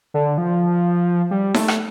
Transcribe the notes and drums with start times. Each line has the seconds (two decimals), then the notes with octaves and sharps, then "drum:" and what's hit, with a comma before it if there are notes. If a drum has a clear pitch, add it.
0.14 D3
0.38 F3
1.31 G3
1.54 A3, drum: snare
1.68 drum: rim click